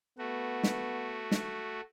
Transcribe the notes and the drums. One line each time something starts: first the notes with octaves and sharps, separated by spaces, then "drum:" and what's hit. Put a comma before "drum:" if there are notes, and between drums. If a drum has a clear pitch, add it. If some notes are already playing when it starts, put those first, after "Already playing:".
A3 B3 F#4
drum: snare
drum: snare